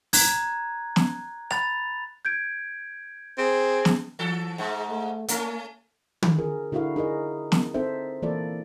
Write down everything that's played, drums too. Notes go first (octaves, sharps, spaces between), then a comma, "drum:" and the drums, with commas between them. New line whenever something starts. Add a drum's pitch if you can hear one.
A#5 F#6 G#6, drum: open hi-hat
drum: snare
B5 A6 F7, drum: rim click
G6 G#6 D7
C4 G#4
drum: snare
E3 A4
G#2 G#3
A3
A3 A#3 C#4, drum: hi-hat
D3, drum: tom
F4 G#4 A#4
D3 E4 F#4 A#4 F5
D#4 G#4 A#4 D#5
drum: snare
C4 D#4 A4 C5 E5
E3 A#3 F4 A4 D5